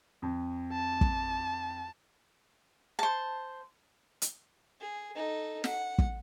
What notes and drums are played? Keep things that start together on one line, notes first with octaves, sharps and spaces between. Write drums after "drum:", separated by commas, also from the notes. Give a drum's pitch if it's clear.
F2
A5
drum: kick
C5 A5
drum: hi-hat
G#4
D#4 A4
F#5, drum: snare
drum: kick